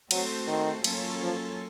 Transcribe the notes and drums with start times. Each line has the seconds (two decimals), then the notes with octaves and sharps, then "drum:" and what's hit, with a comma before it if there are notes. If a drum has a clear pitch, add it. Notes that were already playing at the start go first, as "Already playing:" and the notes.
0.11 F#3 A3 C4 F#4 A4 C5, drum: cymbal
0.47 D#3
0.84 F#3 A#3 C#4 F4 A4, drum: cymbal
1.21 F3